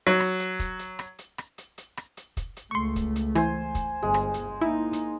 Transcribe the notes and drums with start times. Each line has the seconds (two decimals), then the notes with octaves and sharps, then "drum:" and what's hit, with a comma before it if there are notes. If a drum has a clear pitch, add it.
0.07 F#3
0.20 drum: rim click
0.40 drum: hi-hat
0.59 drum: kick, hi-hat
0.79 drum: hi-hat
0.99 drum: rim click
1.19 drum: hi-hat
1.38 drum: rim click
1.58 drum: hi-hat
1.78 drum: hi-hat
1.97 drum: rim click
2.17 drum: hi-hat
2.37 drum: kick, hi-hat
2.57 drum: hi-hat
2.71 C#2 A3 C6 C#6
2.96 drum: kick, hi-hat
3.16 drum: hi-hat
3.35 E3 C5 G#5, drum: rim click
3.75 drum: kick, hi-hat
4.02 G1 G#3
4.14 drum: rim click
4.34 drum: hi-hat
4.61 A#3 D#4 E4
4.93 drum: hi-hat